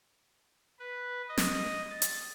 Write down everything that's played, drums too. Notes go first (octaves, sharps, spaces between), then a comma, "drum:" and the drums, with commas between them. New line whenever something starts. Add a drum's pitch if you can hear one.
B4
D#5
drum: snare
A6
drum: hi-hat